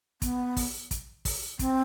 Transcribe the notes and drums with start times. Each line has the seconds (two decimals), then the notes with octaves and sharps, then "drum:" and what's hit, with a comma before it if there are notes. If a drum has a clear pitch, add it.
0.22 B3, drum: kick, hi-hat
0.57 drum: kick, open hi-hat
0.91 drum: kick, hi-hat
1.25 drum: kick, open hi-hat
1.59 C4, drum: kick, hi-hat